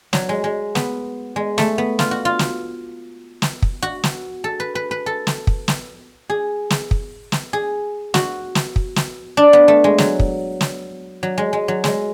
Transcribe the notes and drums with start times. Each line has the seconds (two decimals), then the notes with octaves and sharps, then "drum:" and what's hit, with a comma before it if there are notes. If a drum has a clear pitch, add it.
0.13 F#3, drum: snare
0.29 G#3
0.44 G#3
0.75 B3, drum: snare
1.36 G#3
1.58 A3, drum: snare
1.78 B3
1.99 F4, drum: snare
2.11 F#4
2.25 F4
2.39 drum: snare
3.42 drum: snare
3.62 drum: kick
3.83 F#4
4.04 drum: snare
4.44 A4
4.60 B4
4.75 B4
4.91 B4
5.06 A4
5.27 drum: snare
5.47 drum: kick
5.68 drum: snare
6.30 G#4
6.70 drum: snare
6.91 drum: kick
7.32 drum: snare
7.53 G#4
8.14 F#4, drum: snare
8.55 drum: snare
8.76 drum: kick
8.96 drum: snare
9.37 D4
9.53 B3
9.68 A3
9.84 G#3
9.98 F#3, drum: snare
10.20 drum: kick
10.61 drum: snare
11.23 F#3
11.38 G#3
11.53 G#3
11.68 F#3
11.84 G#3, drum: snare